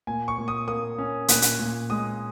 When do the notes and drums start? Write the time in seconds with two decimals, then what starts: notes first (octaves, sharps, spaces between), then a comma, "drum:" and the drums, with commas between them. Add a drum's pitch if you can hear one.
0.07 A#2 G#5
0.28 C#6
0.38 A#2
0.48 D#6
0.68 A#3 D#6
0.98 C#4
1.28 A#2 F#6, drum: hi-hat
1.42 drum: hi-hat
1.59 A#2
1.90 G#3 D#6